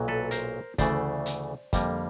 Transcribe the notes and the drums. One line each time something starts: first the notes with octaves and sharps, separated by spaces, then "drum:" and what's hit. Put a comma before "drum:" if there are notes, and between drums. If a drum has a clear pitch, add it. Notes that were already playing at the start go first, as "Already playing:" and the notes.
Already playing: B1 A#2 F#3
A4 B4
A#4 C5, drum: hi-hat
D2 C#3 E3 A3 C5 D5, drum: kick, hi-hat
drum: hi-hat
F2 D3 G3 A#3, drum: kick, hi-hat